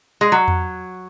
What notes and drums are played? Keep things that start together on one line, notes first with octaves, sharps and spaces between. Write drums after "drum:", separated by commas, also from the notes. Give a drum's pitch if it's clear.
G#3
F#3
drum: tom E2